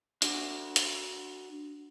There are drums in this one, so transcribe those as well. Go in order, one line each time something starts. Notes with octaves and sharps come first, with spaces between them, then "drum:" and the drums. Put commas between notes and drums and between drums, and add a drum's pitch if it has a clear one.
D4 F#4 F#5, drum: hi-hat
drum: hi-hat